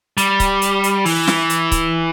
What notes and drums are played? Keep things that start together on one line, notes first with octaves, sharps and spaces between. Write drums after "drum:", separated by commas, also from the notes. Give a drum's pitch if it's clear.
G3, drum: hi-hat
drum: kick C#1, hi-hat
drum: hi-hat
drum: hi-hat
E3, drum: open hi-hat
drum: snare
drum: hi-hat
drum: kick C#1, hi-hat